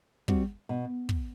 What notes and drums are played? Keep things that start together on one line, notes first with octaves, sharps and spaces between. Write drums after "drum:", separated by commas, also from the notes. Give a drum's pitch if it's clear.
G3 C4 F#4, drum: kick
B2
drum: kick